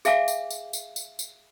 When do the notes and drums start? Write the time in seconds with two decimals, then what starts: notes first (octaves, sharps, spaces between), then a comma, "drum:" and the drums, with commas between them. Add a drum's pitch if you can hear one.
0.05 G#4 E5 F5 G#5 D6, drum: tambourine
0.28 drum: tambourine
0.51 drum: tambourine
0.73 drum: tambourine
0.96 drum: tambourine
1.19 drum: tambourine